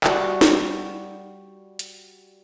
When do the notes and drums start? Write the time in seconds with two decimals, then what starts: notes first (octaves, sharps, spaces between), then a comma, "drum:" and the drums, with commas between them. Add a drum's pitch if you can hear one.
0.04 G3 F#4, drum: clap
0.41 drum: snare
1.79 drum: hi-hat